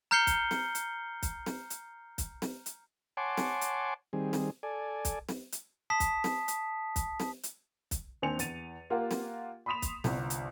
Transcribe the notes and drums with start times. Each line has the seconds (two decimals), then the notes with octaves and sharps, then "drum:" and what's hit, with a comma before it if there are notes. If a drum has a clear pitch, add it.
0.11 A#5 F6 G6 C7 C#7 G7
0.27 drum: kick, hi-hat
0.51 drum: snare
0.75 drum: hi-hat
1.23 drum: kick, hi-hat
1.46 drum: snare
1.70 drum: hi-hat
2.18 drum: kick, hi-hat
2.42 drum: snare
2.66 drum: hi-hat
3.17 C#5 F#5 G#5 A5 C6 D6
3.37 drum: snare
3.61 drum: hi-hat
4.13 D#3 G3 C4 G#4
4.33 drum: snare
4.63 A4 D5 G#5
5.05 drum: kick, hi-hat
5.29 drum: snare
5.52 drum: hi-hat
5.90 A5 D#6 B6
6.00 drum: kick, hi-hat
6.24 drum: snare
6.48 drum: hi-hat
6.96 drum: kick, hi-hat
7.20 drum: snare
7.43 drum: hi-hat
7.91 drum: kick, hi-hat
8.22 D#2 C4 D4 G#5 C#7 F7
8.39 E2 A6 D#7, drum: hi-hat
8.90 A#3 F4 G4 A#4 F#5
9.11 drum: snare
9.66 B5 C6 D#6 B6 E7 F7
9.82 drum: kick, hi-hat
10.04 G1 C2, drum: snare
10.30 drum: hi-hat